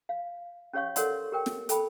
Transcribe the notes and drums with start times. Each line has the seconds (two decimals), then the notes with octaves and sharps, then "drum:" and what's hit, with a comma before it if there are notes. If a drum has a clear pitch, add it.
0.09 F5
0.73 C#4 G4 C#5 F5 C#6
0.96 A4 A#4 C#5 D5 F#5 C6, drum: hi-hat
1.32 G4 A#4 G5
1.46 drum: snare
1.69 A4 G5 B5, drum: hi-hat